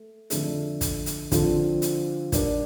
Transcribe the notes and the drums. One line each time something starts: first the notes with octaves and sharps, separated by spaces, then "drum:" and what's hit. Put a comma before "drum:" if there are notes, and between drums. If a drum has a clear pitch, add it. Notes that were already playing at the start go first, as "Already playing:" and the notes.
Already playing: A3
F2 D3 A3, drum: hi-hat
drum: kick, hi-hat
drum: hi-hat
D3 F3 C4 F4 A4, drum: kick, hi-hat
drum: hi-hat
G3 D4 G4 A#4 D5, drum: kick, hi-hat